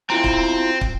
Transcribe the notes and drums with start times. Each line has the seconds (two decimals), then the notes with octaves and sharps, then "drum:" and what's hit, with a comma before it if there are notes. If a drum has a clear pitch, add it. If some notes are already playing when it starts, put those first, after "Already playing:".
0.10 C4 E4 F4 A#5
0.24 drum: kick
0.81 drum: kick